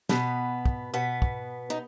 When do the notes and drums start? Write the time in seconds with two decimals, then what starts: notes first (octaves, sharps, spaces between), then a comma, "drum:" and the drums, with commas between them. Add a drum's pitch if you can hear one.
0.09 B2 B3, drum: snare
0.66 drum: kick
0.94 B2 B3
1.22 drum: kick
1.70 D#4